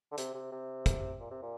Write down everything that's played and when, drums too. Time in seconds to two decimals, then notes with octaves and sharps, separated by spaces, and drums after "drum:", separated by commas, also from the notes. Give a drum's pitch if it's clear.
0.12 D3
0.18 C3, drum: hi-hat
0.35 C3
0.52 C3
0.86 drum: kick, hi-hat
1.20 A#2
1.31 C3
1.42 A#2